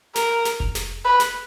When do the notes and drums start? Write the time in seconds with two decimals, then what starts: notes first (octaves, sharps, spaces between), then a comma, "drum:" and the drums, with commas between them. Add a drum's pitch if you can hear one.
0.16 A#4, drum: snare
0.45 drum: snare
0.60 drum: kick F1
0.75 drum: snare
1.05 B4
1.20 drum: snare